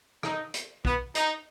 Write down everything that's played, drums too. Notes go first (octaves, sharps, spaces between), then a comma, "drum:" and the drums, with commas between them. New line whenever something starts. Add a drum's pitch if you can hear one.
D#4, drum: rim click
drum: hi-hat
B3, drum: kick B1
D#4, drum: hi-hat